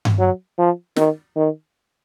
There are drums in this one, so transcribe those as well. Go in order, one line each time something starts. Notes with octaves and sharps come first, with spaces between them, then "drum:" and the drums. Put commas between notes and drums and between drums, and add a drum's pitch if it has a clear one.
drum: tom G2
F#3
F3
D#3, drum: snare
D#3